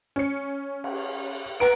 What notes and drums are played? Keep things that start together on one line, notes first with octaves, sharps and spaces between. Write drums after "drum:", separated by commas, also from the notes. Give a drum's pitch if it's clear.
C#4 C#7
drum: cymbal
B4 F#5 A#5 D7